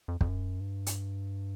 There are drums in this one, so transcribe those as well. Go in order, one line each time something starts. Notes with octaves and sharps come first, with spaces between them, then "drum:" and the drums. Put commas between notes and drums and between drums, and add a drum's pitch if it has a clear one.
F2
F2, drum: kick
F#2
G2
drum: hi-hat